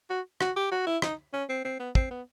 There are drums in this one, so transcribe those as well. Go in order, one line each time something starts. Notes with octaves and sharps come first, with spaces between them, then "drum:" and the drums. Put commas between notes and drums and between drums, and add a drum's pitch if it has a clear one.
F#4
F#4, drum: rim click
G4
F#4
E4
D#4, drum: rim click
C#4
C4
C4
B3
C4, drum: kick
B3